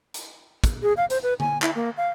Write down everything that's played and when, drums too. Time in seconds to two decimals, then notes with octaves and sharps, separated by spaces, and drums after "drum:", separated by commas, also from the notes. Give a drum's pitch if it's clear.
0.14 drum: hi-hat
0.64 drum: kick, hi-hat
0.82 G#4
0.97 F5
1.10 C5, drum: hi-hat
1.23 B4
1.40 G#5, drum: tom D3
1.62 E4, drum: clap
1.75 A#3
1.97 F5